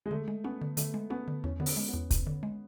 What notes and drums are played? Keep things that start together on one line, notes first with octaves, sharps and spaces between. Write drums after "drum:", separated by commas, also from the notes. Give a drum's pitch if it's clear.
G#3
D3 A3
G#3
B3 C#4
D3
D3 A3, drum: hi-hat
G#3
B3 C#4
D3
E2 C#4
D3 B3
C#4, drum: open hi-hat
G#3
B3
E2
E2, drum: kick, hi-hat
D3
G#3